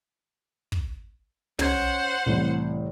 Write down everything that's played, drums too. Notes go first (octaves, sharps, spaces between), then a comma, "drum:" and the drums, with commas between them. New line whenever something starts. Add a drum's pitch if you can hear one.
drum: kick
C#4 C5 F#5 G#6, drum: tom
C2 A2 E3